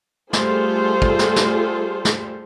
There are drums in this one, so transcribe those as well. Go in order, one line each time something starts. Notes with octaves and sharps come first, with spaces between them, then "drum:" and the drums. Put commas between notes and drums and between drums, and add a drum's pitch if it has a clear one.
G3 A3 F4 G#4 A4 C5, drum: snare
drum: kick
drum: snare
drum: snare
drum: snare